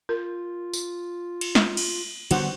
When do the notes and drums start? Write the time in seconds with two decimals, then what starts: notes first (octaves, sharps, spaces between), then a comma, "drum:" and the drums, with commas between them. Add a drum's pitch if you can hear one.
0.09 F4 A#4
0.73 drum: tambourine
1.41 drum: cymbal
1.55 drum: snare
1.77 drum: cymbal
2.31 D3 G3 B3 F#4 C5 F#5, drum: cymbal